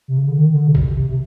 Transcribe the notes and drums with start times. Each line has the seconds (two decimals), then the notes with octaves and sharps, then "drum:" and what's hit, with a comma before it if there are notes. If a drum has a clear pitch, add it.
0.08 C3
0.18 C#3
0.28 D3
0.38 D#3
0.53 D3
0.67 C3
0.75 B2, drum: kick A1
0.82 C3
0.96 C3
1.10 C3